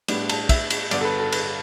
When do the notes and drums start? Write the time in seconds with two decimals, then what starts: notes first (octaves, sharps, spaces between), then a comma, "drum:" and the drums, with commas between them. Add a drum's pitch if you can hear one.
0.08 A2 G3 B3 D4, drum: cymbal
0.29 A5, drum: cymbal
0.49 E5, drum: kick, cymbal
0.70 drum: cymbal
0.91 G2 D3 B3 D5, drum: cymbal
1.01 A4
1.05 B4
1.20 A4
1.32 B4, drum: cymbal